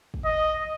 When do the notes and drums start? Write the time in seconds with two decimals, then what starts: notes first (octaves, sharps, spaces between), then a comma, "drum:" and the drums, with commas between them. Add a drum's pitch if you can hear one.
0.14 drum: kick
0.25 D#5